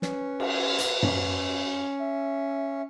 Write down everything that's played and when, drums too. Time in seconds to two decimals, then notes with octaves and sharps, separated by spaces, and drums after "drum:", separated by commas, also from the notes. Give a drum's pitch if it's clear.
0.02 C#4 B4, drum: snare
0.40 drum: cymbal
0.79 drum: hi-hat
1.03 C#4, drum: tom F#2
1.99 E5